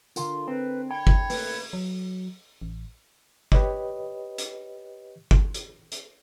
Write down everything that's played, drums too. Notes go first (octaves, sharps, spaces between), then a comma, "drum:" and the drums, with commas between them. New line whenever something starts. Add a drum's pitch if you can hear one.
D3 F4 A#4, drum: tambourine
C4 B4
C#5 G5 B5
drum: kick G1
A3 A#3 B4, drum: open hi-hat
F#3
A1
G4 B4 C#5 D#5, drum: kick G1
drum: hi-hat
drum: kick G1
drum: hi-hat
drum: hi-hat